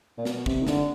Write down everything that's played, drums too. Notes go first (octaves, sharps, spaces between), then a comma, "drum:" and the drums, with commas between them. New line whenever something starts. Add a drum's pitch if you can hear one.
A#2
B2, drum: snare
C3, drum: kick
D#3
D3, drum: snare